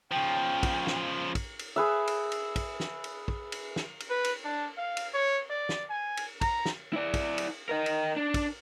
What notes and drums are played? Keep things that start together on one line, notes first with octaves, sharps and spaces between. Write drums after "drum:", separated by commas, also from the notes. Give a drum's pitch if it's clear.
C#3 F3 G5
drum: kick, cymbal
drum: snare
drum: kick, cymbal
drum: cymbal
G#4 B4 E5
drum: cymbal
drum: cymbal
drum: kick, cymbal
drum: snare
drum: cymbal
drum: kick
drum: cymbal
drum: snare
drum: cymbal
B4
drum: cymbal
D4
F5
drum: cymbal
C#5
D5
drum: snare
G#5
drum: cymbal
A#5, drum: kick, cymbal
drum: snare
E4 D5
drum: kick, cymbal
drum: cymbal
A#4 D#5
drum: cymbal
D4
drum: kick, cymbal